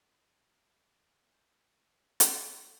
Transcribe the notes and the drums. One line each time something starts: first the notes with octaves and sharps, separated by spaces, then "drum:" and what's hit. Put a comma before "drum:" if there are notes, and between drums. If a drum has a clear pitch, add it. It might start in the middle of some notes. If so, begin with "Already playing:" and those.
B5
G#5 G6
drum: hi-hat